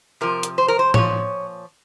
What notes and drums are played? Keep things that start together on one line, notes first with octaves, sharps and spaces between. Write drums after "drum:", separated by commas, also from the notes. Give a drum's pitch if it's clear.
C3 F3 A#4
drum: hi-hat
C5
A#4
C5
A#2 F3 C#5, drum: tom